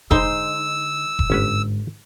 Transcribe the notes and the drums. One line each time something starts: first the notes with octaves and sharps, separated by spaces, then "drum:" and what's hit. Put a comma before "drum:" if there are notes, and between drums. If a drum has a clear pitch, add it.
D3 G#3 D#4 C5 E6, drum: kick F1
drum: kick F1
G1 G#2 D3 C#4 B4